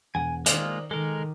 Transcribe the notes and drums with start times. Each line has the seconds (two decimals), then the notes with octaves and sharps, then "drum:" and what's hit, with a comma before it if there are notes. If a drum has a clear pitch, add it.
0.15 E1 F#5 G#5
0.46 D#3 G#3 A#3 F4 C5 D5 D#5 D6, drum: hi-hat
0.91 D#3 G#3 A4 A#4